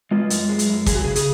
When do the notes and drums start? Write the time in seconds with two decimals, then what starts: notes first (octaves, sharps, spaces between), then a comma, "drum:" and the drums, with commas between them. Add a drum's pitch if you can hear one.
0.11 G#3 F4
0.30 F#2, drum: hi-hat
0.49 G#3
0.59 drum: hi-hat
0.68 F#2
0.86 F#2 G#4, drum: kick, hi-hat
0.95 F#4
1.04 C#3 G#4
1.16 G#4, drum: hi-hat